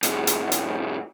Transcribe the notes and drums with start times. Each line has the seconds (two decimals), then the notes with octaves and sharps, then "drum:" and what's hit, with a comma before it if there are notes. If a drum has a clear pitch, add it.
0.03 B1 G#2, drum: hi-hat
0.27 drum: hi-hat
0.52 drum: hi-hat